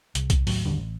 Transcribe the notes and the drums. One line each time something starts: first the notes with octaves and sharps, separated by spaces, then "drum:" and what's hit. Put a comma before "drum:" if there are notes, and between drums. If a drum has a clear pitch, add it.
C2, drum: hi-hat
drum: kick B1, hi-hat
D#2 A2 F#3, drum: open hi-hat
A1 D#2 D3 G3
A1